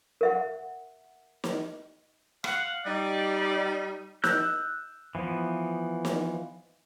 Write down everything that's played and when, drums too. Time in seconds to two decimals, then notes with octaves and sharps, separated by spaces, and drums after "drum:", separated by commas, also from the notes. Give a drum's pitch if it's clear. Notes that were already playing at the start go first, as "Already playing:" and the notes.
0.21 A#4 E5 F#5
1.44 drum: snare
2.44 F5 F#5, drum: rim click
2.85 G3 D#4 D5
4.24 E6 F#6 G6, drum: snare
5.15 E3 F3 B3
6.05 drum: snare